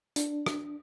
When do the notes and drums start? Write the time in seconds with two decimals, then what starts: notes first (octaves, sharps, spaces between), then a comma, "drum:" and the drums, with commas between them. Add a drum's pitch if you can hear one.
0.16 D4, drum: hi-hat
0.46 drum: rim click